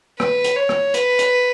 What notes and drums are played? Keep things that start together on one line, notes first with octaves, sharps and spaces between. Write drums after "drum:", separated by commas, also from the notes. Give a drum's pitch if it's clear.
B4, drum: rim click
drum: hi-hat
C#5
drum: rim click
B4, drum: hi-hat
drum: hi-hat